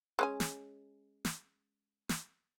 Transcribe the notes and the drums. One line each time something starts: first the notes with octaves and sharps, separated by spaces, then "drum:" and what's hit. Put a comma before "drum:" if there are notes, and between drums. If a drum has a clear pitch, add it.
G#3 C#4 G#5
drum: snare
drum: snare
drum: snare